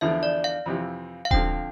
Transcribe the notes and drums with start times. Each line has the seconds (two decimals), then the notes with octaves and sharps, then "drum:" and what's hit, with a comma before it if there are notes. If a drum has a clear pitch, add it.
0.01 E2 D3 F3 E5
0.23 D5
0.44 F5
0.66 F2 C3 E3
1.25 F5
1.31 D3 F3 C4 G5, drum: kick D#1